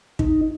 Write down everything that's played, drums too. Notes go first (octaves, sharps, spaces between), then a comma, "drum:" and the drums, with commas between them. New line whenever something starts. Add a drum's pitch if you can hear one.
D#4, drum: kick